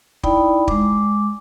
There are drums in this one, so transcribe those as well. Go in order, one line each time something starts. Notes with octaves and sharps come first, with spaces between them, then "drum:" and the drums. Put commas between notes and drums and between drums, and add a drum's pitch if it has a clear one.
D#4 E4 D5 G5 B5, drum: kick
G#3 D6, drum: kick